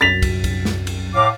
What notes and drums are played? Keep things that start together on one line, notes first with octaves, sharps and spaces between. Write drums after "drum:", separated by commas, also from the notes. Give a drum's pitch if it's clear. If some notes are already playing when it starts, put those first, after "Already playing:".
C2 F#2 A6 B6 F7
drum: kick, cymbal
drum: kick, cymbal
drum: snare
drum: cymbal
A2 F5 D6